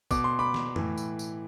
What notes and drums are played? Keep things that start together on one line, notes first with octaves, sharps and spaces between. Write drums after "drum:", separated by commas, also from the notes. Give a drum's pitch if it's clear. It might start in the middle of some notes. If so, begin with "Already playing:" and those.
B2 D6, drum: kick, tambourine
C6
B5 D6
drum: snare
A2 E3, drum: tom F2
drum: tambourine
drum: tambourine